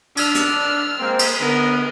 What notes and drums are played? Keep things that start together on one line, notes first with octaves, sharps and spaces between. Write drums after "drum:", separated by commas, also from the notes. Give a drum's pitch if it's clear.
D4 E6 F6, drum: cymbal
drum: hi-hat
G#3 A#3 C4
drum: cymbal
D3 B3 A#4 D#5